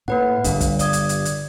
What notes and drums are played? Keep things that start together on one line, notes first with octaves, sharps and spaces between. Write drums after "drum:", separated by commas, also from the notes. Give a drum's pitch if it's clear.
A2 A#3 B4 F#5
G1 G2 D4, drum: hi-hat
drum: kick, hi-hat
D5 D#6 G#6, drum: hi-hat
drum: hi-hat
drum: hi-hat
drum: hi-hat